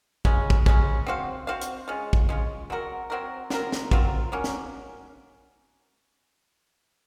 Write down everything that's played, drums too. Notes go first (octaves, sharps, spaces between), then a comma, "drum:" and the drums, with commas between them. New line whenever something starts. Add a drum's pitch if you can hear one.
C#3 G#3 C#4, drum: kick
drum: kick
C#3 G#3 C#4, drum: kick
C4 F#4 C5 F5
C4 F#4 C5 F5
drum: hi-hat
G#3 C#4 F4
drum: kick
G#3 C#4 F4
F#3 C4 F#4 A#4
F#3 C4 F#4 A#4
F#3 C4 F4 A#4, drum: snare
drum: snare
F#3 C4 F4 A#4, drum: kick
F#3 A#3 C#4
drum: snare